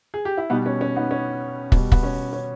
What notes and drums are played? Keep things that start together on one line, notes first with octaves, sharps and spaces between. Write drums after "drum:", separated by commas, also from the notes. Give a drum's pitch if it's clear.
G#4
G4
E4
B2 G3 B3 D#4
C#4
C#4
B3 D#4
C#4
B2 G3, drum: kick
B3, drum: kick
C#4
C#4